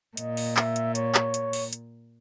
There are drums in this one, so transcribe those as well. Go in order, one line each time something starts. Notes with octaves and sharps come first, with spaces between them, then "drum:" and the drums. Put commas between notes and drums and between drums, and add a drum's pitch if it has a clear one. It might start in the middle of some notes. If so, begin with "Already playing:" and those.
A#2 D#5, drum: hi-hat
drum: open hi-hat
E5, drum: clap
drum: hi-hat
C#5, drum: hi-hat
drum: clap
drum: hi-hat
drum: open hi-hat
drum: hi-hat